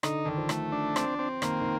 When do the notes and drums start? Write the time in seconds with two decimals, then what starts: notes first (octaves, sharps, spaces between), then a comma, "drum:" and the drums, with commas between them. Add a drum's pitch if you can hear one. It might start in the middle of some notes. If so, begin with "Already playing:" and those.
0.03 D3 D#4, drum: rim click
0.25 D3 D#3
0.37 F3
0.49 A3, drum: rim click
0.72 D4
0.96 C4, drum: rim click
1.19 C4
1.42 D#3 A#3, drum: rim click
1.61 D#3